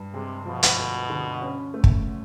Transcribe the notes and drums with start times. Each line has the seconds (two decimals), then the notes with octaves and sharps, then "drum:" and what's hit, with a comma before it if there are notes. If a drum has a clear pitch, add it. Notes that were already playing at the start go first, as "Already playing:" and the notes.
Already playing: G2
0.14 C3 G#3
0.45 B2 F3
0.63 drum: hi-hat
0.78 D2
1.10 D3
1.42 C#4
1.74 A3
1.84 drum: kick